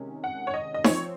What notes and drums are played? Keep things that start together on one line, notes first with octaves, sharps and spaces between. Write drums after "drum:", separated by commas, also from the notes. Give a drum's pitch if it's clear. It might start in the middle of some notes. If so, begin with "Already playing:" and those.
Already playing: C3 D#3 G#3 C#4
F#5
C#5
D#5
D#5
F3 C4 C#5, drum: snare D#4